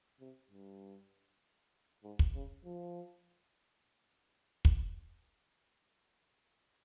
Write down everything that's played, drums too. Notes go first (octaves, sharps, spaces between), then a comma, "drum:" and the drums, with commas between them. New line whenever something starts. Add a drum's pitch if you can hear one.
C3
G2
G#2
drum: kick
C#3
F3
drum: kick